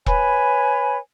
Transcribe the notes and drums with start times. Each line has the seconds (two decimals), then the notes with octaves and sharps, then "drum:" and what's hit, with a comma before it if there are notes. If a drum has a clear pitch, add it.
0.06 B4 C#5 G#5 B5, drum: kick E1